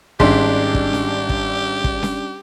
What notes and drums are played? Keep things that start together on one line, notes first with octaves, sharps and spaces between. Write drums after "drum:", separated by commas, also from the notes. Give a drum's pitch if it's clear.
G#1 G3 G#3 C#4 D4 G4 C6 B6, drum: kick
drum: kick
drum: snare C#4
drum: kick
drum: kick
drum: snare C#4